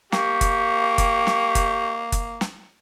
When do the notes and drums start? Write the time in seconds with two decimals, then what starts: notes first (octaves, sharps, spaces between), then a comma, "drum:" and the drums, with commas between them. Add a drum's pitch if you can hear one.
0.12 A#3 G4 C#6, drum: snare
0.41 drum: kick F#1, hi-hat
0.98 drum: kick F#1, hi-hat
1.27 drum: snare
1.55 drum: kick F#1, hi-hat
2.12 drum: kick F#1, hi-hat
2.41 drum: snare